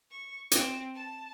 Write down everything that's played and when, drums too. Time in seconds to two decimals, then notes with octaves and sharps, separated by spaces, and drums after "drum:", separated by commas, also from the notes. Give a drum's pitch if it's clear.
0.10 C#6
0.51 C4, drum: hi-hat
0.94 A5